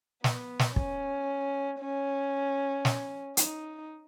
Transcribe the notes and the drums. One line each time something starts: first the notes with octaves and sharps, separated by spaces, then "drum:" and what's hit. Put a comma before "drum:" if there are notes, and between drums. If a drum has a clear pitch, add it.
B3, drum: snare
drum: snare
C#4, drum: kick
C#4
drum: snare
D#4, drum: hi-hat